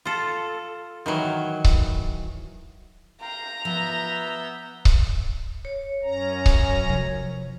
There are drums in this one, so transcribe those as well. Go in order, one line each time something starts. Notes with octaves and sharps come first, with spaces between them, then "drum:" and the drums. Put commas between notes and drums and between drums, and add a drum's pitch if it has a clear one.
F4 A4
D#3 E3 F#3
drum: kick C#1
F5 G5 A#5 C6
F3 B3 E5 G6
drum: kick C#1
C#5
F#2 C#4 A#5
drum: kick C#1
C3 F3